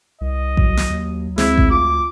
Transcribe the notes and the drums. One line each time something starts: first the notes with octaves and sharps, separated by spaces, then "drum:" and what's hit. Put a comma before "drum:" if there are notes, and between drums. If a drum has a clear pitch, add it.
C2 D#5
F#3, drum: kick A1
drum: snare
D#2
D2 G#3 C4 E4, drum: snare
drum: kick A1
F4 D6